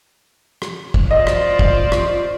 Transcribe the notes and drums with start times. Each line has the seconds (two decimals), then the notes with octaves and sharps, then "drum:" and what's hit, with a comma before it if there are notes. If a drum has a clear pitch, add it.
0.62 drum: rim click
0.94 drum: kick
1.11 F4 C5 D5 D#5
1.27 drum: rim click
1.59 drum: kick
1.92 drum: rim click